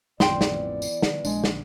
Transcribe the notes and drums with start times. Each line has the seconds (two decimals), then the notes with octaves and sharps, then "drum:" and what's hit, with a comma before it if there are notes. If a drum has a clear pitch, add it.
0.20 A1 F2 A2 E3 B3 D5 G5 C6, drum: snare
0.41 drum: snare
0.82 drum: tambourine
1.02 drum: snare
1.25 A#1 G#3 D4, drum: tambourine
1.44 drum: snare